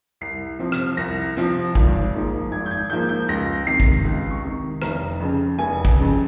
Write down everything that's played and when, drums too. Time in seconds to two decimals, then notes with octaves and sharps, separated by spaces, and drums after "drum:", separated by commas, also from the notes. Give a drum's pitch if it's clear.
0.21 C2 C7
0.59 C3 F3 C4
0.72 drum: rim click
0.97 C2 A#6
1.37 C3 F3 C4
1.75 G#1, drum: kick A1
2.14 G#2 F3 A#3
2.52 G#1 G#6
2.66 G6
2.71 G#6
2.90 G#2 F3 A#3 G6
3.09 G6
3.28 C#2 A#6
3.67 C3 D#3 C7
3.80 drum: kick A1
4.05 C#2
4.31 C#6
4.44 C3 D#3
4.82 F1 A#5, drum: rim click
5.20 F2 C#3
5.58 F1 G#5
5.85 drum: kick A1
5.97 F2 C#3